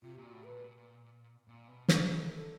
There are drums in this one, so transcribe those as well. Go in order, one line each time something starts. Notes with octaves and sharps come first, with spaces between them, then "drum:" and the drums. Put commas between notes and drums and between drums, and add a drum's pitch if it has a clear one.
C3 F4
G4
A#2
F#4
A2
B4
A#2
A#2
B2
C3 G#4, drum: snare
C#3
D#3 A4
A#4
D3 A4